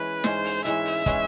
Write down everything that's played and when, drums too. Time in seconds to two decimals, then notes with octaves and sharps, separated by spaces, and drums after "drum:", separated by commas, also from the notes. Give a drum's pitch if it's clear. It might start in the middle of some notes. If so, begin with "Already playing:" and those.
Already playing: E3 G#3 C#4 B4
0.24 G#2 E3 G#3 C#4 C5, drum: snare
0.45 drum: open hi-hat
0.65 G#2 E3 G#3 C#4 E5, drum: hi-hat
0.86 drum: open hi-hat
1.06 E3 G#3 C#4, drum: kick, hi-hat